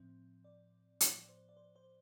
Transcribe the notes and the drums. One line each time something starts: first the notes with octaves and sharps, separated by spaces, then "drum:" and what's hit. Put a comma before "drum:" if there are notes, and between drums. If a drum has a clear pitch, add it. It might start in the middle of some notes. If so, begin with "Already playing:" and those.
Already playing: A2 F3 C4
D5
A2 F3 B3 C5, drum: hi-hat
D5
C5
D5
C5
C5